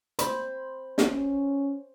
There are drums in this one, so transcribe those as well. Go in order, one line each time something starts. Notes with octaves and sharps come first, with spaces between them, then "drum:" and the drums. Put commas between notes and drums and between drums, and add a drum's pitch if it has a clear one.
C5 B5, drum: hi-hat
drum: snare
C#4